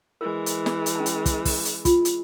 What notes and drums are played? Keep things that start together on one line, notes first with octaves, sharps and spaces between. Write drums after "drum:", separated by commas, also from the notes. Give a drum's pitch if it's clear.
E3 G#3 A#4
drum: hi-hat
drum: snare
drum: hi-hat
C#4 A5
drum: hi-hat
drum: kick, hi-hat
drum: kick, open hi-hat
drum: hi-hat
F4, drum: kick, hi-hat
drum: hi-hat